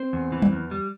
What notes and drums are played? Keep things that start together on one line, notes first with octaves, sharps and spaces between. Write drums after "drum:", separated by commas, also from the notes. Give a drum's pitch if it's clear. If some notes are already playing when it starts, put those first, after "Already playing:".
Already playing: C4 C5
E2
E3
drum: tom F#3
E2
G3